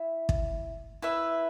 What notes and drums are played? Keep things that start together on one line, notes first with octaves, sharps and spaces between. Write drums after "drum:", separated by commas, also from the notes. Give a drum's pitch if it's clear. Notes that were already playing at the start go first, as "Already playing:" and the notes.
Already playing: E4 E5
drum: kick
E4 B4 E5